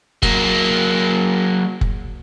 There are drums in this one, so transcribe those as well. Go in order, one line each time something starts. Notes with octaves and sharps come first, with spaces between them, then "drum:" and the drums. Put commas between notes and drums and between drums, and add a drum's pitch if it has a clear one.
F#3 A#3, drum: kick
drum: kick